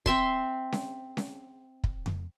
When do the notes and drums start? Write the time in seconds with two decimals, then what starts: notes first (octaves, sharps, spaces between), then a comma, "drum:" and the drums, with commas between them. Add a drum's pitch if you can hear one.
0.06 C4 E5 C6, drum: kick
0.72 drum: snare C#4
1.17 drum: snare C#4
1.84 drum: kick
2.06 drum: tom F2